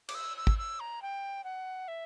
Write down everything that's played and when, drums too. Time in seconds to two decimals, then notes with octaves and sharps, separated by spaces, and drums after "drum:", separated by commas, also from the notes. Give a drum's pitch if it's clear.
0.09 D6, drum: cymbal
0.15 E6
0.37 E6
0.47 drum: kick
0.58 E6
0.80 A#5
1.02 G5
1.44 F#5
1.88 E5